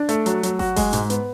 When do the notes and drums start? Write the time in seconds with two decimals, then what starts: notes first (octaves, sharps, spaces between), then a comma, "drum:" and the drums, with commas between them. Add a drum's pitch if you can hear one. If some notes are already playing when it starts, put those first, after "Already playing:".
Already playing: D4
0.09 A3, drum: hi-hat
0.26 F#3, drum: hi-hat
0.43 F#3, drum: hi-hat
0.59 F#4, drum: snare G1
0.76 G#3, drum: kick F#1, open hi-hat
0.93 G#2, drum: hi-hat
1.10 B3, drum: hi-hat